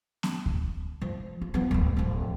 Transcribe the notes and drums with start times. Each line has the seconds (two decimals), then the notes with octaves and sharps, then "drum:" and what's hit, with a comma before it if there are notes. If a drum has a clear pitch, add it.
0.23 drum: snare B3
0.46 drum: kick D2
1.01 F3
1.42 F4
1.54 F3 B3
1.71 D1 C#2
1.97 D1 F3